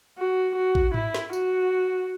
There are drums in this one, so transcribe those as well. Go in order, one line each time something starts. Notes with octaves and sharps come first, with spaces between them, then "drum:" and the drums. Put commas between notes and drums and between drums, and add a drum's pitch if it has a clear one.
F#4
F#4
drum: kick A1
E4, drum: tom G#2
drum: snare
F#4, drum: tambourine